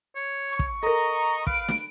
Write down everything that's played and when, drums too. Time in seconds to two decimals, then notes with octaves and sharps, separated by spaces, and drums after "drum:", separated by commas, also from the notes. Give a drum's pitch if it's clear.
0.16 C#5
0.49 C#6
0.59 drum: kick
0.83 A4 A#4 D#5 A#5
1.47 B4 F5 D7, drum: kick
1.68 drum: snare